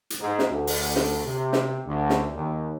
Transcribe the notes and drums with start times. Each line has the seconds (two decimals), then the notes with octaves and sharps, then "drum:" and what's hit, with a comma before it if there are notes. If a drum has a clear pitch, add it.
0.10 drum: hi-hat
0.21 G#2
0.39 drum: snare
0.50 D2
0.67 drum: open hi-hat
0.96 drum: snare
1.24 C3
1.53 drum: snare
1.86 D2
2.10 drum: snare
2.34 D#2